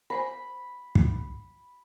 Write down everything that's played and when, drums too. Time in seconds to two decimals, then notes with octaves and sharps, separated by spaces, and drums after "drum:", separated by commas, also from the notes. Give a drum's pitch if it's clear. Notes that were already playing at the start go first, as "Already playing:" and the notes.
0.10 A#4 C5 G#5 B5
0.95 drum: kick